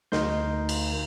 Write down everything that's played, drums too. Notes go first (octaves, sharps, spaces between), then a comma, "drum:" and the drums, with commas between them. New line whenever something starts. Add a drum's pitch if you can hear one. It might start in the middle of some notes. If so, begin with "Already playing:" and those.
D2 D#4 A#4 D#5 C6 G6, drum: snare
drum: cymbal